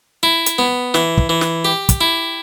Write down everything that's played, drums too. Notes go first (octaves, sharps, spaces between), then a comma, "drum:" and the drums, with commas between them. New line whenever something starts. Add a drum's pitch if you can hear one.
E4
drum: hi-hat
B3
E3, drum: snare
drum: kick
E3
drum: snare
G4
drum: kick, hi-hat
E4